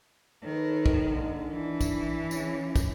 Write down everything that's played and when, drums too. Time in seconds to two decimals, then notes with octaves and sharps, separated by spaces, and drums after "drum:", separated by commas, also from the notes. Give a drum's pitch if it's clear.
0.44 D#3 A4 B4 C#5
0.86 drum: kick
1.09 D3 G#3 A#3
1.51 E3 D4
1.81 drum: kick, tambourine
2.31 C#3 C#4, drum: tambourine
2.76 drum: kick, tambourine